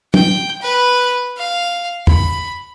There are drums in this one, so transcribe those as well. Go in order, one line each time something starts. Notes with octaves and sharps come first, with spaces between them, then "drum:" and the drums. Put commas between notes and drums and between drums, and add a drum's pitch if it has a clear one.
G5, drum: tom
B4
F5
B5, drum: tom